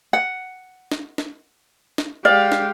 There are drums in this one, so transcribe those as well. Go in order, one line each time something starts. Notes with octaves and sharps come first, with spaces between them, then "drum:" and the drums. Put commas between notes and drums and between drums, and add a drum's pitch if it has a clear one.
F#5
drum: snare
drum: snare
drum: snare
G#3 G4 D5 F5
drum: snare